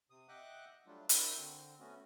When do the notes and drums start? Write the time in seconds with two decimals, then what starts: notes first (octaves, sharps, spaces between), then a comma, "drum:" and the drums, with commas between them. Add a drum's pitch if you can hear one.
0.10 C3 D#6
0.29 D#5 E5 F#5 G5 D6 F#6
0.86 F#3 G3 A3 D4 F4
1.09 D4 E4 F#4 A#4 C5, drum: hi-hat
1.37 D3 C4
1.80 A3 B3 C#4 F#4